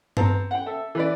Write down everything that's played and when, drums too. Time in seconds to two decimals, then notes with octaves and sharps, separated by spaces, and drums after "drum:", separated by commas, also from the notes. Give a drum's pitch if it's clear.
0.17 B3 C4 A5 A#5, drum: tom G2
0.51 F#5 G5
0.66 A4 E5
0.95 E3 B4 D5